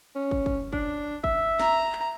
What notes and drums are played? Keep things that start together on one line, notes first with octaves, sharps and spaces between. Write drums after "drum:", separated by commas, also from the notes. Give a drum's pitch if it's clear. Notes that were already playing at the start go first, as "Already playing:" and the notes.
C#4
drum: kick
drum: kick
D4, drum: kick
E5, drum: kick
A#5, drum: snare
drum: clap